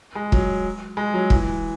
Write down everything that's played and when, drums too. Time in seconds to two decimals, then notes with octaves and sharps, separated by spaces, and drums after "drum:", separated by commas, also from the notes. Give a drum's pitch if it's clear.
0.15 G#3
0.32 F#3, drum: kick
0.97 G#3
1.14 F#3
1.30 E3, drum: kick